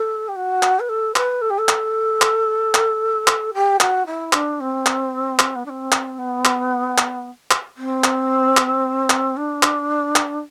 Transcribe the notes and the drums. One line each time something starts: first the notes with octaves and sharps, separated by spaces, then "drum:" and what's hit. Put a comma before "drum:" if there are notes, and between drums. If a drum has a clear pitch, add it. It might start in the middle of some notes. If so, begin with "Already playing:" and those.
Already playing: A4
G4
F#4
drum: clap
B4
A4
B4, drum: clap
A4
G4
A4
drum: clap
drum: clap
drum: clap
drum: clap
G4
F#4, drum: clap
E4
D4, drum: clap
C4
drum: clap
drum: clap
B3
D4
C4
drum: clap
B3
drum: clap
drum: clap
drum: clap
C4
drum: clap
drum: clap
drum: clap
D4
drum: clap
drum: clap